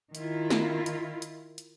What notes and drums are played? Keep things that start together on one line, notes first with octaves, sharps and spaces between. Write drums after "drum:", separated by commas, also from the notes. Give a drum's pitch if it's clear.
D#3 E4 F4, drum: hi-hat
drum: snare
drum: hi-hat
drum: hi-hat
drum: hi-hat